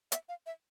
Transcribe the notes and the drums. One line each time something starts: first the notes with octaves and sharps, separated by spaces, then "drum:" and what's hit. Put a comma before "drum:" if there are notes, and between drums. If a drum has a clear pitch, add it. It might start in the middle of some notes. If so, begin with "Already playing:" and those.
E5, drum: hi-hat
F5
E5